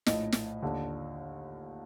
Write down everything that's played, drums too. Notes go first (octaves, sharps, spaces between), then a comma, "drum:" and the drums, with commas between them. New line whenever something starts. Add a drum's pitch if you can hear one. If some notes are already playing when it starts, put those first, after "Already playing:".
A#1 A2 D#5, drum: snare
drum: snare
D#2 D3